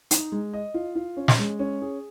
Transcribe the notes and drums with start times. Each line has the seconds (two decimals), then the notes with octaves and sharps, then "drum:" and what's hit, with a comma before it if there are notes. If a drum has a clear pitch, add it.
0.11 D#4, drum: hi-hat
0.32 G#3
0.53 D#5
0.74 F4
0.95 F4
1.17 C#4
1.28 drum: snare
1.39 G#3
1.59 C#4
1.81 G#4